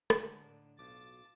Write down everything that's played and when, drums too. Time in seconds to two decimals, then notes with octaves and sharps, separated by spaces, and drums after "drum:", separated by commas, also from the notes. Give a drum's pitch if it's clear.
0.10 D3 D#3 G#3 D#4, drum: rim click
0.42 A2 D4
0.79 B1 F4 A5 D6